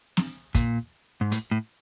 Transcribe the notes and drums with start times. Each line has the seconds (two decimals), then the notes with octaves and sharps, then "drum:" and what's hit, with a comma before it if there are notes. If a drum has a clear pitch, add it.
0.17 drum: snare
0.55 A#2, drum: kick, hi-hat
1.21 G#2
1.32 A2, drum: hi-hat
1.51 A2